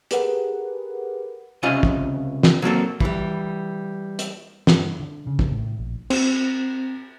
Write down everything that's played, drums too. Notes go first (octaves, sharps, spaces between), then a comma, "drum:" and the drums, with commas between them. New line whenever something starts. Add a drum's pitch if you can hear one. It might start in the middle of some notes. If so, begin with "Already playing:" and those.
G4 G#4 A#4 B4 F#5, drum: hi-hat
C#2 C3 C#4 F4 D#5 G#5
drum: kick
drum: snare
F#3 A#3 C4 A4
E3 G3, drum: kick
drum: hi-hat
G2, drum: snare
D3
C#3
drum: kick
A2
A#1
C4, drum: cymbal